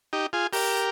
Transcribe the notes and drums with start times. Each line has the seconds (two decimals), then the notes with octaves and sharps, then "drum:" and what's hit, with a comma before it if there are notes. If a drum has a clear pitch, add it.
0.13 D#4 G4
0.33 F4 G#4
0.53 G4 A#4, drum: open hi-hat